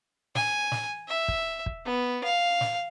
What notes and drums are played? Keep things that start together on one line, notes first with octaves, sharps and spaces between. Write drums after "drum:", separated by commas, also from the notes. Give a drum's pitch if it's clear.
G#5, drum: snare
drum: snare
E5
drum: kick
drum: kick
B3
F5
drum: snare